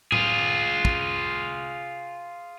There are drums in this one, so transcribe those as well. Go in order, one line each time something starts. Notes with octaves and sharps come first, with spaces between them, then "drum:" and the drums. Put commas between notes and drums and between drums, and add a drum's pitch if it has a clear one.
F4 G#4, drum: tom A2
drum: kick